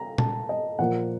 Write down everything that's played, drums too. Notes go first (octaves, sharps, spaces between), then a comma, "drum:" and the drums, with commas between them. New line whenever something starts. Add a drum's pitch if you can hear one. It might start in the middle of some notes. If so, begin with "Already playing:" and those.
Already playing: A#5
A5, drum: tom
D#5
A#2 F3 A#3 F#5